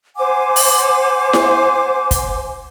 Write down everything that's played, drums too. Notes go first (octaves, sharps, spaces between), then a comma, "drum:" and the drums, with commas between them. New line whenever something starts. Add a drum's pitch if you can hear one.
C5 F#5 G#5 D6
drum: open hi-hat
drum: snare E4
drum: kick, hi-hat